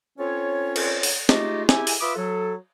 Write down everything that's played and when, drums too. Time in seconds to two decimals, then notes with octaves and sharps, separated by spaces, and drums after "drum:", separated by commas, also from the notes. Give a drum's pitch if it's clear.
0.18 C4 C#4 F4 A4 C#5
0.76 drum: cymbal
1.03 drum: open hi-hat
1.29 G#3 A3 D#4 F4 G4 D#5, drum: snare
1.69 E4 G4 G#4 G#5, drum: snare
1.87 drum: open hi-hat
2.00 F4 B4 E5 B5 D6 D#6
2.16 F#3 A4